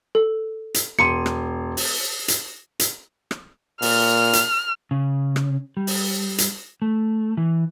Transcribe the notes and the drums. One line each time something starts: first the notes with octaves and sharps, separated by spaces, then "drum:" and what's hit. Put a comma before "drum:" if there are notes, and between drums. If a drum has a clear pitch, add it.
A4
drum: hi-hat
E1 C6 C#7 D#7
drum: rim click
drum: open hi-hat
drum: hi-hat
drum: hi-hat
drum: rim click
A#2 F6, drum: open hi-hat
drum: hi-hat
C#3
drum: rim click
G3
drum: open hi-hat
drum: hi-hat
A3
E3